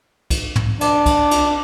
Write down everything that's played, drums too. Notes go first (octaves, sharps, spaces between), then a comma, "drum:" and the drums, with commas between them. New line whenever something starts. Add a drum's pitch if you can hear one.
drum: kick C2, cymbal
drum: tom
D4, drum: cymbal
drum: kick C2, cymbal
drum: cymbal